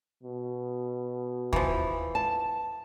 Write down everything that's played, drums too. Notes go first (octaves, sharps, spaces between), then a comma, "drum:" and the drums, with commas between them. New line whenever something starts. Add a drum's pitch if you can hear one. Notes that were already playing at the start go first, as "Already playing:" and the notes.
B2
E3 F3, drum: kick
A5